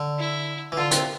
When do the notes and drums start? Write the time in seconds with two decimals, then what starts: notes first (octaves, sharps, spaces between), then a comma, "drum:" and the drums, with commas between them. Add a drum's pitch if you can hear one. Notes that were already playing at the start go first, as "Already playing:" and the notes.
Already playing: D3
0.19 E4
0.72 E3
0.77 D3 F4
0.91 C3, drum: hi-hat